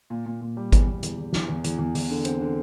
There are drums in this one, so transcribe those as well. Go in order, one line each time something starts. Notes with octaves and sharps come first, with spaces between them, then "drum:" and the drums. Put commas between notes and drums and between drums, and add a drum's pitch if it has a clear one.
A#2
A#2
A#2
G3
E2, drum: kick G#1, hi-hat
E2
E2, drum: hi-hat
E2
E3, drum: snare
E2
E2, drum: hi-hat
E2
E2, drum: open hi-hat
D3
C4, drum: hi-hat
D3